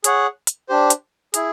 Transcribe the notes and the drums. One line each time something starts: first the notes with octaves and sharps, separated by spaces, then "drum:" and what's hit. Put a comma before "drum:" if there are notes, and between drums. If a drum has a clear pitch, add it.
G#4 C#5 F#5, drum: hi-hat
drum: hi-hat
D4 G4 C5
drum: hi-hat
E4 G#4, drum: hi-hat